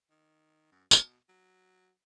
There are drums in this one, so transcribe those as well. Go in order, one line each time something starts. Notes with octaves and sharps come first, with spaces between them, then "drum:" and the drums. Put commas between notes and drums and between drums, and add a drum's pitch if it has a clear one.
D#3
F#2
B2, drum: tambourine
F#3